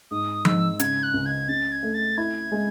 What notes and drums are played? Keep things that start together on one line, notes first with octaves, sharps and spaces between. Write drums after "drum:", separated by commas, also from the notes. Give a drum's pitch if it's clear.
G#2 D#6
G#2 E6, drum: tom F3
C#3 G#6, drum: hi-hat
F#6
C#2
G#6
C#3 A6
G#6
A3
A6
E4 G#6
G#3